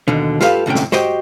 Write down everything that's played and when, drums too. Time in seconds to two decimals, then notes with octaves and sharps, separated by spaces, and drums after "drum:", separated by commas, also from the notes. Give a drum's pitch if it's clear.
0.08 D#2 B2 D3
0.41 F4 G4 A4 B4 E5 F5, drum: snare
0.66 D2 A2 C3 C#4 G5
0.75 drum: snare
0.92 F#4 G4 C5 D#5 G5, drum: snare